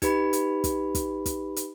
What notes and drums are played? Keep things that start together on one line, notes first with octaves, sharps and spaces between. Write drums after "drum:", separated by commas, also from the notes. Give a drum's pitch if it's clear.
D#4 G4 B4 B5, drum: kick, hi-hat
drum: hi-hat
drum: kick, hi-hat
drum: kick, hi-hat
drum: kick, hi-hat
drum: hi-hat